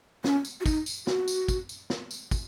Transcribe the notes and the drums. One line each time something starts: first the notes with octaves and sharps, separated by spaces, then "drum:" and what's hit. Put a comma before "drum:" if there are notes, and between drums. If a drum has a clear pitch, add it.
C#4, drum: snare
drum: tambourine
F#4
D#4, drum: kick, tambourine
drum: tambourine
F#4, drum: snare
drum: tambourine
drum: kick, tambourine
drum: tambourine
drum: snare
drum: tambourine
drum: kick, tambourine